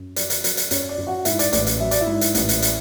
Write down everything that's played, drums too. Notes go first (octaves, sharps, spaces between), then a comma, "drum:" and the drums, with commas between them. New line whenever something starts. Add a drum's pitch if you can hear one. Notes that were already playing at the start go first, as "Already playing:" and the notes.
Already playing: F#2
F#3 D5, drum: hi-hat
drum: hi-hat
F#3, drum: hi-hat
drum: hi-hat
F#2 C#5, drum: hi-hat
D5
F#2
F#4 F#5
G#2 E4 E5, drum: hi-hat
D5, drum: hi-hat
A1 D5, drum: hi-hat
drum: hi-hat
F#3 E5
D5, drum: hi-hat
E4 E5
G#2
drum: hi-hat
A1, drum: hi-hat
drum: hi-hat
drum: hi-hat